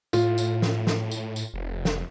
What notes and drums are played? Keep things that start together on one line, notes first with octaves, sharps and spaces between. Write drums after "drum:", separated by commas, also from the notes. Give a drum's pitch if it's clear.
A2 F4, drum: tambourine
drum: tambourine
drum: snare
drum: snare
drum: tambourine
drum: tambourine
F1
drum: snare